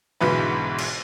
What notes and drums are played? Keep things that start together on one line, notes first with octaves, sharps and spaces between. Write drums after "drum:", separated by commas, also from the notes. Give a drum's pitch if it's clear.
B1 G#2 D3 E3 F#3 B4
drum: cymbal